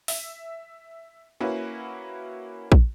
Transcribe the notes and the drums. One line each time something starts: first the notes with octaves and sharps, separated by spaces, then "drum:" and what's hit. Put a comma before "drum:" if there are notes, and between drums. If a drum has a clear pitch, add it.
E5, drum: open hi-hat
A#3 C#4 E4 F#4 B4
drum: kick A#1